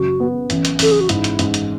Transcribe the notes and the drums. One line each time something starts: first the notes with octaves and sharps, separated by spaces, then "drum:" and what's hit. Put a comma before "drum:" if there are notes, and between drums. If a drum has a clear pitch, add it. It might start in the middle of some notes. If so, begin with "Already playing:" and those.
Already playing: F#1 F#4
B3
A1, drum: hi-hat
drum: hi-hat
A1 A4, drum: open hi-hat
G#4
F#4
G#2 E4, drum: hi-hat
drum: hi-hat
G#2, drum: hi-hat
drum: hi-hat